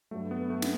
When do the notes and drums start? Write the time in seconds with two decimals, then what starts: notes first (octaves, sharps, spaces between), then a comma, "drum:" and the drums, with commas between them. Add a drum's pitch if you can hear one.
0.11 G2 F#3 A3
0.31 B3
0.50 A3
0.62 drum: snare